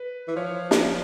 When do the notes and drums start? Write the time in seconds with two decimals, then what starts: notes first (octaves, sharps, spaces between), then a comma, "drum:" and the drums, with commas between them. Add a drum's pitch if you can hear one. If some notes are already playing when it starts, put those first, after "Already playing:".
Already playing: B4
0.28 E3
0.36 F3 C#5
0.71 drum: snare